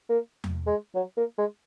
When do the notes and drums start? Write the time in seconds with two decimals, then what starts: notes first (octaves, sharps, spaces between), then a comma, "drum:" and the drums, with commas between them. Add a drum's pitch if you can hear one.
0.09 A#3
0.44 drum: tom E2
0.67 G#3
0.95 F#3
1.17 A#3
1.38 G#3